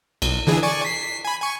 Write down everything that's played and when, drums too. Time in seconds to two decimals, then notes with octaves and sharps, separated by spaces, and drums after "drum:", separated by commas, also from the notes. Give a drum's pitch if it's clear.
0.22 B1, drum: cymbal
0.47 D3 E3 G#4
0.63 D5 G#5 C#6
0.85 B6 C7
1.25 G#5 B5
1.41 G#5 C#6